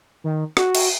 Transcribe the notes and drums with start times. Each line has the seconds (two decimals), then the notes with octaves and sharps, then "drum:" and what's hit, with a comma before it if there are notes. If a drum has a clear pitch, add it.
0.24 D#3
0.57 F#4, drum: rim click
0.75 drum: cymbal